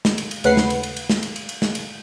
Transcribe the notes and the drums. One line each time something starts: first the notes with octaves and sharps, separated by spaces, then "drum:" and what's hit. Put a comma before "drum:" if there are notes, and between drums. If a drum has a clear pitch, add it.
drum: snare
drum: cymbal
drum: cymbal
D#2 C#3 A3 B4 F#5 C7, drum: cymbal
drum: snare
drum: cymbal
drum: cymbal
drum: cymbal
drum: snare
drum: cymbal
drum: cymbal
drum: cymbal
drum: snare
drum: cymbal